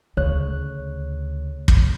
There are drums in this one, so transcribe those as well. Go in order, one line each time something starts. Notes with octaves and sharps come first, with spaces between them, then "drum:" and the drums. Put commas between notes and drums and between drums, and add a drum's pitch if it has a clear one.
D2 C#3 C#5 F#6
drum: kick